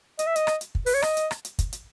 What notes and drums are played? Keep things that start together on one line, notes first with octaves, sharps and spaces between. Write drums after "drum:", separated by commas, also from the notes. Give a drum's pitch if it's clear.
D#5, drum: hi-hat
E5
D#5, drum: hi-hat
drum: rim click
drum: hi-hat
drum: kick
B4, drum: open hi-hat
C#5
D#5, drum: rim click
drum: hi-hat
drum: rim click
drum: hi-hat
drum: kick, hi-hat
drum: hi-hat